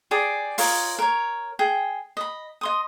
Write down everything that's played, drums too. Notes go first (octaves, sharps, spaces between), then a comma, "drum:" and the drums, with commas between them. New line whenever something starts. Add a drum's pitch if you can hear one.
G4 G#4 D5
F4 A#4 C#5 D#5, drum: open hi-hat
A#4 C#5
G#4 G5
D#5 B5
D#5 C6 D#6